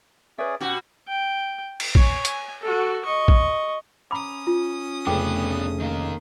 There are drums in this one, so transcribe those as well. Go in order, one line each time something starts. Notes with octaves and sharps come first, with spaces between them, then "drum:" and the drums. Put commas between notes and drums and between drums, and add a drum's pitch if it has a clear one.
C#4 G#4 B4 D5 E5
B2 C#4 F#4 G4
G5
drum: cymbal
C#5 G#5, drum: kick
G#5, drum: hi-hat
F#4 A4
D#5 C#6
drum: kick
C#4 A#5 B5 D6 D#6 F7
F4
F1 C#3 A3 B3 D4 B4 G5 D6
D#3 A#3